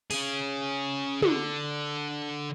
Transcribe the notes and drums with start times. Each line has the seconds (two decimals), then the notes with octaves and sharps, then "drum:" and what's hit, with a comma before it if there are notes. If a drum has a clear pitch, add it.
0.11 C#4 G#4, drum: open hi-hat
1.22 D3, drum: tom